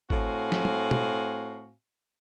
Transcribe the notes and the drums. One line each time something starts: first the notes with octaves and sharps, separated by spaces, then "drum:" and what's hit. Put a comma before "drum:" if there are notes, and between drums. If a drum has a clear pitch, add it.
A2 C4 F#4 F5 G#5, drum: kick G#1
drum: snare
drum: tom
drum: tom